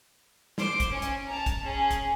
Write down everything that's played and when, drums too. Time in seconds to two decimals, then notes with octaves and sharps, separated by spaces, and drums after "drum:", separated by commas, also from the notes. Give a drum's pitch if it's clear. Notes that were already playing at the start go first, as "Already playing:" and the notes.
0.58 C5 D6, drum: snare
0.80 drum: kick, hi-hat
0.91 C#4 G#5
1.02 drum: hi-hat
1.27 A5 A#5
1.46 drum: kick, hi-hat
1.64 C#4 G#4
1.91 drum: kick, hi-hat